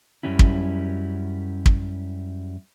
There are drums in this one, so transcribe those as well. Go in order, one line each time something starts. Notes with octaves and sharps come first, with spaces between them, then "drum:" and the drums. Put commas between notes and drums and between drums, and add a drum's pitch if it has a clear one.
F#2 A2 F#3 G3 C#4 E4
drum: kick
drum: kick